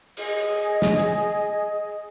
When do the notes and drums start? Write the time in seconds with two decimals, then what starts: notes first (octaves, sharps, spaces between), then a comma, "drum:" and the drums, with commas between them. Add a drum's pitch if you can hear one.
0.17 G#4 D#5, drum: cymbal
0.82 drum: snare
0.99 drum: hi-hat